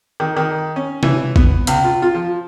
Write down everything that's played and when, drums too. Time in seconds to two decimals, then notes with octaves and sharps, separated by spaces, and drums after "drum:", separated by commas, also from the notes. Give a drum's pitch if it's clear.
0.20 D#3
0.37 D#3
0.76 C#4
1.03 E3, drum: tom C3
1.36 B3, drum: kick
1.67 C#2, drum: hi-hat
1.84 F4
2.02 F4
2.15 F3